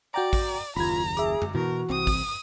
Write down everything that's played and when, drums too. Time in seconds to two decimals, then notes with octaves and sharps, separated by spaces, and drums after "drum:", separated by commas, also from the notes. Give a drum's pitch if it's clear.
0.14 F#4 D5 G5 A#5
0.33 drum: kick A1, open hi-hat
0.76 F#1 D#2 F4 A#5 B5 G#6, drum: open hi-hat
1.17 G#4 E5 D6, drum: hi-hat
1.42 drum: tom F#2
1.55 B2 E3 F#4 A#4
1.90 C2 C4 D#6
2.07 drum: kick A1, open hi-hat